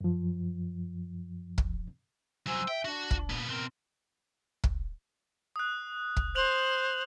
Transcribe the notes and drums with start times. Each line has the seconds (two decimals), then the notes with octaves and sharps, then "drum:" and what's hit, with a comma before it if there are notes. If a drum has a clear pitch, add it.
0.01 F#2 F3
1.58 drum: kick
2.46 C2 F#3 C5 G#5 E6
2.68 E5 G5
2.85 D4 F#4
3.11 drum: kick
3.30 A#2 B3
3.48 B2 C4 A#4
4.64 drum: kick
5.56 D#6 F#6
6.17 drum: kick
6.35 C5 F#6 F7 F#7